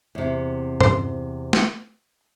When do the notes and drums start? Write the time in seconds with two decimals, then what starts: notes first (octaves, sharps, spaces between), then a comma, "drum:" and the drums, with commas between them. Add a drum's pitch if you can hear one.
0.15 E2 C3
0.81 C5, drum: tom G2
1.53 drum: snare